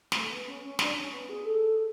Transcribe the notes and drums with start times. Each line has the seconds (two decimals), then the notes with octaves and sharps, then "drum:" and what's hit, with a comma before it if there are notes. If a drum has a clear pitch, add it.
0.12 A3, drum: snare
0.29 B3
0.46 C#4
0.62 C#4
0.79 D4, drum: snare
0.96 C#4
1.12 B3
1.29 G#4
1.45 A4